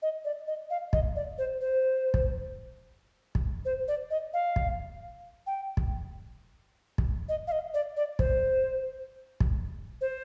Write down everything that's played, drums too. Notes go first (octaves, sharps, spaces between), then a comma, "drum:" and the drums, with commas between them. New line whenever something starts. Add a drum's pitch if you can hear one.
D#5
D5
D#5
F5
D#5, drum: kick
D5
C5
C5
drum: kick
drum: kick
C5
D5
D#5
F5
drum: kick
G5
drum: kick
drum: kick
D#5
F5
D#5
D5
D5
C5, drum: kick
drum: kick
C5